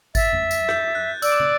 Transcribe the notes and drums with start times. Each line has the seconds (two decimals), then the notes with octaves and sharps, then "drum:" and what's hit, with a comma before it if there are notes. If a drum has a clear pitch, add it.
0.15 E5 A6, drum: kick G#1, tambourine
0.33 drum: tom F2
0.51 drum: tambourine
0.69 G6, drum: rim click
0.95 F#6
1.22 D5 E6, drum: tambourine
1.32 D6
1.40 E6, drum: tom